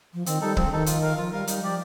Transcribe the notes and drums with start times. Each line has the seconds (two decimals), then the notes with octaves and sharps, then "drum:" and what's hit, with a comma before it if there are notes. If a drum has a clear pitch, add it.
0.14 F3
0.26 D#3 C4, drum: hi-hat
0.41 G3 D#4 A4
0.57 F3 C4, drum: kick
0.65 D3
0.72 D#3 D#4 A4
0.86 F4, drum: hi-hat
1.02 A#4 F5
1.17 F3 F4
1.32 G3 A#4 F5
1.47 G3 D#4, drum: hi-hat
1.63 F3 G4 D5